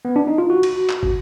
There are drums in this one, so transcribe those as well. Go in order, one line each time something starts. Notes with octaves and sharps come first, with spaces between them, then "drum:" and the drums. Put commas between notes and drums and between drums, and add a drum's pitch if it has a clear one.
B3
D4
D#4
F4
F#4
drum: cymbal
drum: clap
drum: kick